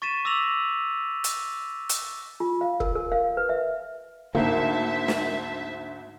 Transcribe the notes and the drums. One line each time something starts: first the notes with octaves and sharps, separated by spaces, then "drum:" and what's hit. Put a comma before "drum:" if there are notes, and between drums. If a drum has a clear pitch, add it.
C#6 A6 B6 D#7 E7
D6 E6 A#6 B6 F7 F#7
drum: hi-hat
drum: hi-hat
F4
F5
A#4, drum: kick
A#4
F5
B4
E5
D2 G#2 A#3 C5 E5 A5
drum: snare